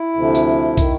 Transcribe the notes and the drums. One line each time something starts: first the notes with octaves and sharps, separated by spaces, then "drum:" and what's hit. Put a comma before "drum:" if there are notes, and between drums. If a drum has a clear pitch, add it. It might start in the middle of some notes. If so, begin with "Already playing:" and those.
Already playing: E4
D2 C3 F3
drum: tambourine
D#3, drum: kick, tambourine